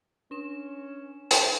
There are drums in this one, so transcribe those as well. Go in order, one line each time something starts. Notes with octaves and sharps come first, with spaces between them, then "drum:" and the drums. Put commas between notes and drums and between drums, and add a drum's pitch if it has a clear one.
C#4 D4 E7
drum: hi-hat